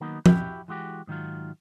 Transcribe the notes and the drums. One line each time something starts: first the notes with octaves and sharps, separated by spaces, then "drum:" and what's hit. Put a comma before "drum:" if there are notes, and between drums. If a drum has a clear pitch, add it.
D#3 F#3 A#3 B3 D#4
E4 F#4 G4, drum: tom F3
E3 G#3 F#4 G4
G#2 D#3 F#3 F4